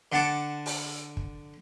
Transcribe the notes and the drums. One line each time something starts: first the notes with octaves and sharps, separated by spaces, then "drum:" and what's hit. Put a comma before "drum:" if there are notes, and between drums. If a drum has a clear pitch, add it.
D3 F#5 A5 D6
drum: open hi-hat
drum: kick